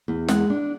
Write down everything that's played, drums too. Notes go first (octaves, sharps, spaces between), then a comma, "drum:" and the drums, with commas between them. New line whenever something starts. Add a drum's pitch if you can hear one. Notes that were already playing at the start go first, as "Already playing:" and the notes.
E2
G#3 F#5, drum: snare
D4